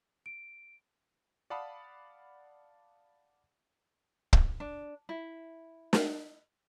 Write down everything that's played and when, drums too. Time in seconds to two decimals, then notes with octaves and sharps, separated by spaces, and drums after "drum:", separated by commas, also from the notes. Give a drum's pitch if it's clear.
0.26 D7
1.50 D5 F5 F#5 A5 B5 D#6
4.33 drum: kick
4.60 D4
5.09 E4
5.93 drum: snare